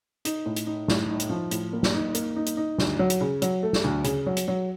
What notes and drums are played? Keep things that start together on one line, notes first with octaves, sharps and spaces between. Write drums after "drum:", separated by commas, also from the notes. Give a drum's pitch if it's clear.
D#4, drum: hi-hat
A2
drum: hi-hat
D#4
A2, drum: snare
D#4
drum: hi-hat
F3
A2, drum: hi-hat
A#3
drum: snare
D#4
A#3, drum: hi-hat
D#4
drum: hi-hat
D#4
D2, drum: snare
F#3
drum: hi-hat
C#3
F#3, drum: hi-hat
A3
drum: snare
D2
C#3, drum: hi-hat
F#3
drum: hi-hat
F#3